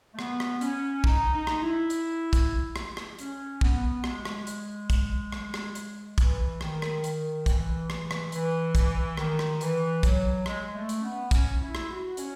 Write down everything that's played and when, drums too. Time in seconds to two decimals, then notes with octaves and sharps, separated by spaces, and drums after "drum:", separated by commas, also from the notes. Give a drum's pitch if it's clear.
0.14 A3
0.19 B3, drum: rim click
0.40 drum: rim click
0.61 C#4, drum: hi-hat
1.04 D#4, drum: kick
1.33 D#4
1.47 drum: rim click
1.61 E4
1.90 drum: hi-hat
2.33 drum: kick, hi-hat
2.76 drum: rim click
2.97 drum: rim click
3.19 C#4, drum: hi-hat
3.61 B3, drum: kick
4.04 G#3, drum: rim click
4.25 drum: rim click
4.47 drum: hi-hat
4.90 drum: kick, hi-hat
5.32 drum: rim click
5.54 drum: rim click
5.75 drum: hi-hat
6.18 E3, drum: kick, hi-hat
6.61 D#3, drum: rim click
6.82 drum: rim click
7.04 D#3, drum: hi-hat
7.46 E3, drum: kick, hi-hat
7.90 E3, drum: rim click
8.11 drum: rim click
8.32 E3, drum: hi-hat
8.75 E3, drum: kick, hi-hat
9.17 D#3, drum: rim click
9.39 drum: rim click
9.61 E3, drum: hi-hat
10.03 F#3, drum: kick, hi-hat
10.46 G#3, drum: rim click
10.75 A3
10.89 drum: hi-hat
10.99 C#4
11.03 B3
11.31 C#4, drum: kick, hi-hat
11.60 E4
11.75 drum: rim click
11.89 F#4
12.17 C#4, drum: hi-hat